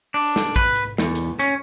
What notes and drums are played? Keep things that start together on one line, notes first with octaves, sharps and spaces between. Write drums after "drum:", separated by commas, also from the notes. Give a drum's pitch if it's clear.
D4, drum: open hi-hat
drum: snare
B4, drum: kick, hi-hat
drum: hi-hat
E2, drum: snare
drum: hi-hat
C#4